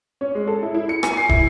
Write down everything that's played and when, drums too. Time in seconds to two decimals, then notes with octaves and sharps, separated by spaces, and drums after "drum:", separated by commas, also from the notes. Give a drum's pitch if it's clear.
0.21 C#4
0.35 G#3
0.48 A4
0.63 E4
0.74 E4
0.89 C#7
1.03 G#5, drum: rim click
1.17 C7
1.29 E4, drum: kick